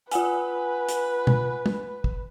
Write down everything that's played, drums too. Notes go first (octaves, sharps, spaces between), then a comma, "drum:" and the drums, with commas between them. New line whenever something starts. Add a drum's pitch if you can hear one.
F4 B4 F#5 G#5, drum: hi-hat
drum: hi-hat
drum: tom
drum: tom
drum: kick